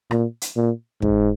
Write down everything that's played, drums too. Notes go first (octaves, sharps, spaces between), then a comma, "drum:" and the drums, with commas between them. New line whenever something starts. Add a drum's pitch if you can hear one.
A#2, drum: rim click
drum: hi-hat
A#2
G#2, drum: kick